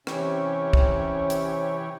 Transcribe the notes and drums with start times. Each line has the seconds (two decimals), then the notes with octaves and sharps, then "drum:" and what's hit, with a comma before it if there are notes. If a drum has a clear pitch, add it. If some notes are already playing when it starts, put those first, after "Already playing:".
0.07 C3 E3 C#4 G4 C#5, drum: rim click
0.73 drum: kick
1.30 drum: hi-hat